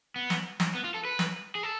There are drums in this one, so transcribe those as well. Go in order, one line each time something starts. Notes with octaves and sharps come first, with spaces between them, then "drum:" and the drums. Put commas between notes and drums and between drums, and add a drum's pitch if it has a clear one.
B3
drum: snare
drum: snare
B3
F4
A4
B4
drum: snare
G#4
A4